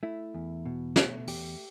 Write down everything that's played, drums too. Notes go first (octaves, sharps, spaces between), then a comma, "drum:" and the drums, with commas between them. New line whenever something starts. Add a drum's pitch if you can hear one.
A3 E4
E2
B2
A3, drum: snare
E2 G4, drum: open hi-hat